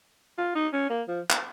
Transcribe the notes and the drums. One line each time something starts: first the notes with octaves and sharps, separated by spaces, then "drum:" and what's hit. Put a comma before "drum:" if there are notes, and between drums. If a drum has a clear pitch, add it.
F4
D#4
C#4
A#3
F3
drum: clap